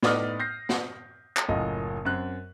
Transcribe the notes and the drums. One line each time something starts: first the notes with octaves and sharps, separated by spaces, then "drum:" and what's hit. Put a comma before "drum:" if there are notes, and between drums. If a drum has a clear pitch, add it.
A2 B3 D#4 D5 D#6 F6, drum: snare
G6 A#6 C7
drum: snare
drum: clap
F#1 F#2 A2 F4 D#5
F#2 C4 F#6